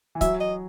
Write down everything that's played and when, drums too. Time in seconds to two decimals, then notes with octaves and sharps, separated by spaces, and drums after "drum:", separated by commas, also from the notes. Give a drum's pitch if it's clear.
0.15 E3
0.21 F#3 E5, drum: kick C#1, hi-hat
0.41 D#5